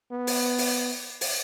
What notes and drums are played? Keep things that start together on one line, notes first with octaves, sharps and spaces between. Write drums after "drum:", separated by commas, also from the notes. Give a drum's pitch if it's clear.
B3
drum: open hi-hat
drum: open hi-hat
drum: open hi-hat